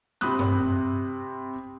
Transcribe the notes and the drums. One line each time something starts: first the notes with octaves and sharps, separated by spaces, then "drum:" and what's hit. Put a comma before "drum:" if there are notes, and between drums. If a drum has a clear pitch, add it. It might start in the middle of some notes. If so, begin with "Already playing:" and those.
C3 C4 B5 D#6 F#6, drum: snare
drum: tom G2